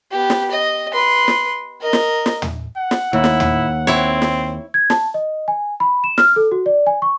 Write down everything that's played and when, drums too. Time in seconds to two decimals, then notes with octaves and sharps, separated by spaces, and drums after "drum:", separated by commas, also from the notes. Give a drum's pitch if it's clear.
0.11 B3 G4
0.30 drum: snare
0.51 D#5
0.92 B4 C6
1.28 drum: snare
1.81 A#4 D#5
1.93 drum: snare
2.26 drum: snare
2.42 drum: tom
2.77 F#5
2.91 drum: snare
3.13 D#2 E4
3.24 drum: snare
3.40 drum: tom
3.87 C4 E4 C#5, drum: snare
4.22 drum: snare
4.74 G#6
4.90 A5, drum: snare
5.14 D#5
5.48 G#5
5.80 B5
6.04 E7
6.18 F6, drum: snare
6.36 A4
6.52 F#4
6.66 D5
6.87 G#5
7.02 C#6